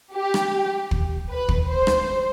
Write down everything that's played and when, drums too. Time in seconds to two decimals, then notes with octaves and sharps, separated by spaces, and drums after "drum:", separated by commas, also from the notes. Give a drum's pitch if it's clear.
0.14 G4
0.34 drum: rim click
0.91 drum: kick
1.30 B4
1.49 drum: kick
1.68 C5
1.87 drum: rim click